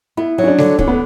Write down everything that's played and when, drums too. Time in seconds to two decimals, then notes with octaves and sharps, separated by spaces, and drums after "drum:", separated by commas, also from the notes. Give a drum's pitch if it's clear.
0.17 B3 E4
0.38 F#3
0.44 C#4
0.48 D4
0.58 D3, drum: snare G3
0.79 D3 C#4, drum: kick
0.87 B3